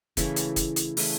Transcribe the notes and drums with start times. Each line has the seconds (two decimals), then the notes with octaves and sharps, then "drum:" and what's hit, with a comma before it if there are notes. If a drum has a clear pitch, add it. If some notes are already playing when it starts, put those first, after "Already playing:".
0.17 C#3 E3 A3 E4, drum: kick, hi-hat
0.36 drum: hi-hat
0.56 drum: kick, hi-hat
0.76 drum: hi-hat
0.97 C#3 E3 A3 E4, drum: open hi-hat